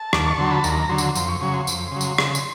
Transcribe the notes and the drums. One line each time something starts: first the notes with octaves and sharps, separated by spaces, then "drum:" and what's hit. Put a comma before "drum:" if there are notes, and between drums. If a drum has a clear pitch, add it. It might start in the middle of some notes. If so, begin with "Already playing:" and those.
Already playing: A5
D#2 D6, drum: rim click
C#6
D3 F#3 C6
B5
D#2 A#5, drum: tambourine
D3 F#3 C6
drum: tambourine
F2 C6, drum: tambourine
C#6
C#3 F#3 C#6
C6
F2, drum: tambourine
C#3 F#3
drum: tambourine
C#3, drum: rim click
drum: tambourine